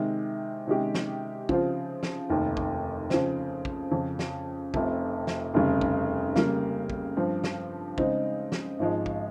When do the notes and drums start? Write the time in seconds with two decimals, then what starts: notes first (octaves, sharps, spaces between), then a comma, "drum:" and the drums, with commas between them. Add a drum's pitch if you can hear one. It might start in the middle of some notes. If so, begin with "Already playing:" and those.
Already playing: C3 D#3 G#3
0.67 C3 D#3 G#3 C#4 G4
0.95 drum: snare
1.49 C#3 F3 C4 F4, drum: kick
2.03 drum: snare
2.30 F1 D#2 D#3
2.57 drum: kick
3.10 C#3 F3 C4, drum: snare
3.65 drum: kick
3.92 F2 C#3 F3
4.19 drum: snare
4.74 F1 F2 C3, drum: kick
5.27 drum: snare
5.54 F1 D#2 C#3 G3 C#4
5.81 drum: kick
6.36 C#3 G3 A#3, drum: snare
6.90 drum: kick
7.17 G2 F3 C4
7.44 drum: snare
7.98 C#3 G#3 C4 D#4, drum: kick
8.52 drum: snare
8.79 G#1 G#2 F3 G#3
9.06 drum: kick